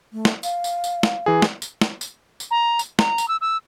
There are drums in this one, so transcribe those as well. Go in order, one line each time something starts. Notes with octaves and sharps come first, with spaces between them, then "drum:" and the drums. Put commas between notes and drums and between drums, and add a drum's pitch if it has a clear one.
A3
drum: snare
F5, drum: tambourine
drum: tambourine
drum: tambourine
drum: snare
E3 G#4
drum: snare
drum: tambourine
drum: snare
drum: tambourine
drum: tambourine
A#5
drum: tambourine
A#5, drum: snare
drum: tambourine
E6
E6